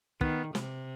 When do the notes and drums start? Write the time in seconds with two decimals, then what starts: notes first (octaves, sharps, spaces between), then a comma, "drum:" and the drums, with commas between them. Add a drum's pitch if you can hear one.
0.21 D#3 B3, drum: kick
0.55 C3, drum: snare